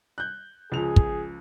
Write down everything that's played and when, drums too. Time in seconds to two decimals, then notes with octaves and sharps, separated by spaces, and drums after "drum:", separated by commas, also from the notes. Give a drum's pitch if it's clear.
0.18 F#6 G6
0.72 C#2 F3 G#4 F7
0.96 drum: kick